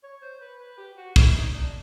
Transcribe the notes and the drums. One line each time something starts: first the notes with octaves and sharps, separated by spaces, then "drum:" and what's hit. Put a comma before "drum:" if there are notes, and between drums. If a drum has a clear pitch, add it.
C#5
C5
B4
B4
G4
F#4
E4, drum: kick
D#4
D4